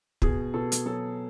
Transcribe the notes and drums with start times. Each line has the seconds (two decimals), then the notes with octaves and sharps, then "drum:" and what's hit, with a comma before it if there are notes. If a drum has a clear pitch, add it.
0.22 B2 G#4, drum: kick
0.54 B2 A4
0.72 drum: hi-hat
0.86 F#3 A4